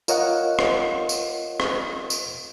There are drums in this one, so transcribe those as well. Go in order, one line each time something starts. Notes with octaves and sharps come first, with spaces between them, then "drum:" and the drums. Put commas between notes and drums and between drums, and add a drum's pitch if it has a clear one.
F4 A#4 C#5 D#5 F5 F#5, drum: tambourine
drum: rim click
drum: tambourine
drum: rim click
drum: tambourine